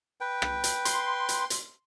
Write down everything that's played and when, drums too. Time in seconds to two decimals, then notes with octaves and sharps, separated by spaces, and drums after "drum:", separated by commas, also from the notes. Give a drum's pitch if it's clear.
0.21 B4 G5
0.42 drum: rim click
0.64 drum: hi-hat
0.85 C6, drum: hi-hat
1.29 drum: hi-hat
1.50 drum: hi-hat